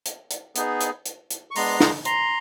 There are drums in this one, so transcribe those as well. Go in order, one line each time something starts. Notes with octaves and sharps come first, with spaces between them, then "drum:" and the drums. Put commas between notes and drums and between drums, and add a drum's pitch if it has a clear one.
drum: hi-hat
drum: hi-hat
B3 D#4 G#4, drum: hi-hat
drum: hi-hat
drum: hi-hat
drum: hi-hat
C#6
G#3 B3 D4 A#5 C6, drum: open hi-hat
drum: snare
A#5 C6, drum: hi-hat